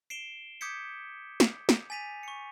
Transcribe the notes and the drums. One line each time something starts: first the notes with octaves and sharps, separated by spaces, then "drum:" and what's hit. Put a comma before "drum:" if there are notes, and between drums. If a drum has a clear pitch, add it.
C7 D7 E7 G7
D6 D#6 G6 G#6 B6 C#7
drum: snare
drum: snare
G#5 A6 B6 D#7 F7
C#6 C#7